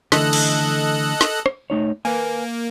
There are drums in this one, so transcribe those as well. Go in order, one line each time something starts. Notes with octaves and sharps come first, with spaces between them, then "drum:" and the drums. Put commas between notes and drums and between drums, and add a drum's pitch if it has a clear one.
D3 E3 A3 A4 D#5 F#6, drum: snare
drum: cymbal
drum: snare
drum: rim click
A3 D#4 C#5
A#3 B4 G#5